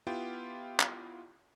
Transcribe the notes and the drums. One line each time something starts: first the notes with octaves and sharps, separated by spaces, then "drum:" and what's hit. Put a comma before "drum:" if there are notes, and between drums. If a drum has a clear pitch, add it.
B3 E4 F4 G4 G5
drum: clap